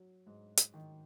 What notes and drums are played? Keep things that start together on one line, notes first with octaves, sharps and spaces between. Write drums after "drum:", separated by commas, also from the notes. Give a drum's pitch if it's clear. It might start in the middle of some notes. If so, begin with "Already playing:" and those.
Already playing: F#3
G#2
drum: hi-hat
D#3